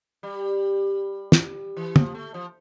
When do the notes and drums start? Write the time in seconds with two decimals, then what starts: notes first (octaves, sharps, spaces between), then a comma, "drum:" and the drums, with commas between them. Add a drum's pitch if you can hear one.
0.23 G3
1.32 drum: snare
1.77 E3
1.96 F3, drum: tom
2.15 A3
2.34 F3